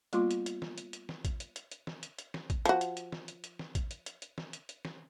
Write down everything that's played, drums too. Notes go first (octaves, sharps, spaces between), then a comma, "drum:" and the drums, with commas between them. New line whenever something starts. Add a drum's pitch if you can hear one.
G3 A#3 B3 F4 C6 D6, drum: hi-hat
drum: hi-hat
drum: hi-hat
drum: snare
drum: hi-hat
drum: hi-hat
drum: snare
drum: kick A1, hi-hat
drum: hi-hat
drum: hi-hat
drum: hi-hat
drum: snare
drum: hi-hat
drum: hi-hat
drum: snare
drum: kick A1, hi-hat
F3 F#4, drum: hi-hat
drum: hi-hat
drum: hi-hat
drum: snare
drum: hi-hat
drum: hi-hat
drum: snare
drum: kick A1, hi-hat
drum: hi-hat
drum: hi-hat
drum: hi-hat
drum: snare
drum: hi-hat
drum: hi-hat
drum: snare